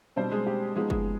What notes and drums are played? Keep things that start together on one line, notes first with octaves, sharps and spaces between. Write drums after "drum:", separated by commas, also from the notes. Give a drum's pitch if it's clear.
B2 G3 C4 D4 C5
G#3 G#4
G4
F3 G#3 B3 D#4 G#4
G#3 G#4, drum: kick